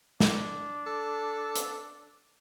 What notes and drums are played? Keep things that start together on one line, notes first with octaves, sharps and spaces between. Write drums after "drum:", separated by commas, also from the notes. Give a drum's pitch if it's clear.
D4, drum: snare
A4
drum: hi-hat